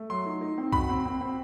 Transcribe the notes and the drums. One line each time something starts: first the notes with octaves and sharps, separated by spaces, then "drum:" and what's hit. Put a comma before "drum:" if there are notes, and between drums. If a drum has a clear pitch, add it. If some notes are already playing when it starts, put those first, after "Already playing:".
Already playing: A3
F#3 C6
D#4
D#4
C4
F#4 B5, drum: kick
C4
C4
C4